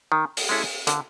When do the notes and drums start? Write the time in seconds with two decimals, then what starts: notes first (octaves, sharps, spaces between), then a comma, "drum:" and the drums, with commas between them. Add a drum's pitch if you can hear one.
0.12 D#3
0.37 drum: open hi-hat
0.49 G#3 C#4 E4 A4
0.87 D3, drum: hi-hat